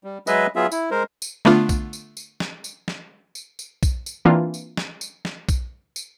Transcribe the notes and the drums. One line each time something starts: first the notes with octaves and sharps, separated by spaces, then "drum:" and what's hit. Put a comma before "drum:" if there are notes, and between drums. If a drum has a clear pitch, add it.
G3
F#3 G#3 G#4 B4 D#5 E5, drum: tambourine
F#3 B3 F4 G#4 E5
E4, drum: tambourine
G#3 A#4 C5
drum: tambourine
D3 A3 B3 D4 F4, drum: snare
drum: kick, tambourine
drum: tambourine
drum: tambourine
drum: snare
drum: tambourine
drum: snare
drum: tambourine
drum: tambourine
drum: kick, tambourine
drum: tambourine
E3 A#3 C4 D4 F4
drum: tambourine
drum: snare
drum: tambourine
drum: snare
drum: kick, tambourine
drum: tambourine